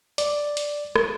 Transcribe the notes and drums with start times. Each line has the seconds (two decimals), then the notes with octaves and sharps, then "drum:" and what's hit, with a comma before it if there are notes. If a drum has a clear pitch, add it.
0.18 D5, drum: hi-hat
0.57 drum: hi-hat
0.96 drum: rim click